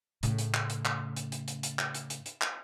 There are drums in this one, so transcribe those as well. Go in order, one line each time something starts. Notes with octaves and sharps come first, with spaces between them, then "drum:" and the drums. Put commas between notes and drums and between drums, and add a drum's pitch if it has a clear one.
A2 C#3, drum: hi-hat
drum: hi-hat
drum: clap
drum: hi-hat
drum: clap
drum: hi-hat
drum: hi-hat
drum: hi-hat
drum: hi-hat
drum: clap
drum: hi-hat
drum: hi-hat
drum: hi-hat
drum: clap